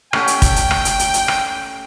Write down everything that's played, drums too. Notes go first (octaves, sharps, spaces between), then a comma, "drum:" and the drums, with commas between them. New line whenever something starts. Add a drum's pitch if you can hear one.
A3 C#4 G4 G5, drum: rim click
drum: hi-hat
drum: kick, hi-hat
drum: hi-hat
drum: rim click
drum: hi-hat
drum: hi-hat
drum: hi-hat
drum: rim click